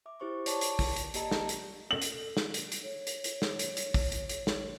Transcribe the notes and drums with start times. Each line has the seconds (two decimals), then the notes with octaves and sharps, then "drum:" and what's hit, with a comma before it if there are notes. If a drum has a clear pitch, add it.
0.06 E5 D6
0.20 E4 G4 C5 C#6 D6
0.46 C#5 D5 A5 C#6 D6, drum: hi-hat
0.61 drum: hi-hat
0.79 drum: kick, open hi-hat
0.96 drum: hi-hat
1.14 A#3 G4 D5 D#5 A5 A#5, drum: hi-hat
1.31 drum: snare
1.49 drum: hi-hat
1.91 A4 F#7
2.02 drum: hi-hat
2.37 drum: snare
2.54 drum: hi-hat
2.72 drum: hi-hat
2.83 C#5
3.07 drum: hi-hat
3.24 drum: hi-hat
3.42 drum: snare
3.59 drum: hi-hat
3.77 drum: hi-hat
3.94 drum: kick, open hi-hat
4.12 drum: hi-hat
4.29 drum: hi-hat
4.47 drum: snare